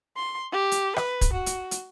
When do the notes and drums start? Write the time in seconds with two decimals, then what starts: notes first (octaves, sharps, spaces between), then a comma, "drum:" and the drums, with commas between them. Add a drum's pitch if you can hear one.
0.17 C6
0.52 G4
0.71 drum: hi-hat
0.96 B4, drum: rim click
1.21 drum: kick, hi-hat
1.33 F#4
1.46 drum: hi-hat
1.71 drum: hi-hat